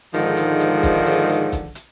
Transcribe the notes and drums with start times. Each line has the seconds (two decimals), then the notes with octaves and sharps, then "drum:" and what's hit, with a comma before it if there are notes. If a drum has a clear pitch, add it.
0.14 G#2 D3 D#3 F3 G#3, drum: hi-hat
0.37 drum: hi-hat
0.60 drum: hi-hat
0.83 drum: kick B1, hi-hat
1.06 drum: hi-hat
1.29 drum: hi-hat
1.52 drum: kick B1, hi-hat
1.75 drum: hi-hat